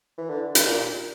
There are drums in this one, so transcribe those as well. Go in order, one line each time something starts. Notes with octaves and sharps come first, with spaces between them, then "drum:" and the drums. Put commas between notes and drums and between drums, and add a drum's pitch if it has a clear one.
E3
D3
drum: hi-hat
A#2